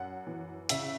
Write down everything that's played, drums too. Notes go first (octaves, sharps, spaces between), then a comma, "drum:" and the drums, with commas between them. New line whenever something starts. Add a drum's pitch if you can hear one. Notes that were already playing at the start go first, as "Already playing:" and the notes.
Already playing: F#2 F#5
E3
C#3 E5, drum: hi-hat